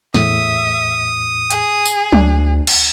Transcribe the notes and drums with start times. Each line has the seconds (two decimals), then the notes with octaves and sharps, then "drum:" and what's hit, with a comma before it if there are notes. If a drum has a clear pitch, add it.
0.14 E2 A2 E5 D#6, drum: snare
1.51 G#4, drum: hi-hat
1.85 drum: tambourine
2.12 D2 D4, drum: tom F#3
2.67 drum: cymbal